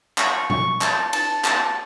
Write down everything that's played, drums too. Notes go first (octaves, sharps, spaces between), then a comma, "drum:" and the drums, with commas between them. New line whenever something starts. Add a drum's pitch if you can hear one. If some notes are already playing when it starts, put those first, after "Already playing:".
C#6, drum: clap
C#6, drum: tom B2
A5, drum: clap
A5, drum: cymbal
A5, drum: clap